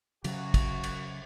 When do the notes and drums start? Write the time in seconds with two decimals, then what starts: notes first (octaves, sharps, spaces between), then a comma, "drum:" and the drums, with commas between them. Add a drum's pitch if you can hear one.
0.24 C#3 F#3 F#4, drum: cymbal
0.54 drum: kick, cymbal
0.84 drum: cymbal